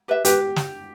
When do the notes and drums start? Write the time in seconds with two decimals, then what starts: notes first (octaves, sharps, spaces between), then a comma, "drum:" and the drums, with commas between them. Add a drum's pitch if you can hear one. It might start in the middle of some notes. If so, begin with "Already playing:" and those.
0.08 G4 B4 E5
0.25 G4 B4, drum: hi-hat
0.56 drum: snare